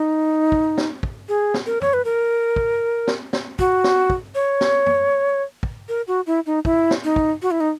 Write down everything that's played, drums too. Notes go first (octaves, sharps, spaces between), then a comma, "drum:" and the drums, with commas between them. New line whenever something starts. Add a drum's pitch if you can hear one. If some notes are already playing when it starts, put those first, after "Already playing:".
Already playing: D#4
drum: kick
drum: snare
drum: kick
G#4
drum: snare
A#4
C#5, drum: tom
B4
A#4
drum: kick
drum: snare
drum: snare
F#4, drum: kick
drum: snare
drum: kick
C#5
drum: snare
drum: tom
drum: kick
A#4
F#4
E4
D#4
E4, drum: kick
drum: snare
D#4
drum: kick
F#4
E4
D#4